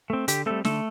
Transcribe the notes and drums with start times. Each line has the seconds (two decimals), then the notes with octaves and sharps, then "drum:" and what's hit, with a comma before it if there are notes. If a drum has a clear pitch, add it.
0.10 A3 C4
0.28 D3 G4, drum: hi-hat
0.46 G3 A3 C4 A4
0.65 D3 A3 A4, drum: snare